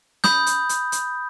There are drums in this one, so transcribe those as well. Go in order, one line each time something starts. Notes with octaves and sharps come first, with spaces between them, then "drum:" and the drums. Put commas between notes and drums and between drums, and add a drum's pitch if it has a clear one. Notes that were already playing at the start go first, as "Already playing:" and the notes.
B5 D#6 G6, drum: snare
drum: hi-hat
drum: hi-hat
drum: hi-hat